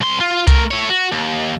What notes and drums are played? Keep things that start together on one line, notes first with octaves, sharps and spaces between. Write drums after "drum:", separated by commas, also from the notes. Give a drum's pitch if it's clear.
C2 C6
F4
A3 A#4, drum: kick C2, hi-hat
A3 C#5
F#4
D#2